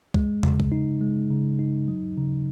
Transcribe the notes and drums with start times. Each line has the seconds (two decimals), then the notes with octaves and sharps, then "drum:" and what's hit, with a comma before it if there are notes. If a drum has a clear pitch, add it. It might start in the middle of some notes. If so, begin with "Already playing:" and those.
0.14 G#3, drum: kick
0.43 C#3, drum: tom E2
0.60 drum: kick
0.72 D#4
1.01 G#3
1.30 C#3
1.59 D#4
1.88 F#3
2.18 C#3